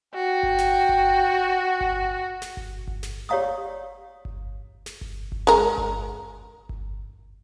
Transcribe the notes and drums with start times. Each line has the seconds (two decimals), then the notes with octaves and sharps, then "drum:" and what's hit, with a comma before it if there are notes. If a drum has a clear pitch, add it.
0.15 F#4 G5
0.43 drum: kick G1
0.58 drum: snare
0.89 drum: kick G1
1.81 drum: kick G1
2.42 drum: snare
2.57 drum: kick G1
2.88 drum: kick G1
3.03 drum: snare
3.29 G4 C#5 D5 F5 A#5 D#6
4.25 drum: kick G1
4.86 drum: snare
5.01 drum: kick G1
5.32 drum: kick G1
5.47 G#3 A#4, drum: snare
5.78 drum: kick G1
6.69 drum: kick G1